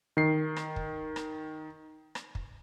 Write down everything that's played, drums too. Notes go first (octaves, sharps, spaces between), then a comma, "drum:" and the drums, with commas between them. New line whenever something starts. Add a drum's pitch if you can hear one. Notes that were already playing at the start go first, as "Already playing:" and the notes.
D#3 C7
drum: rim click
drum: kick
drum: rim click
drum: rim click
drum: kick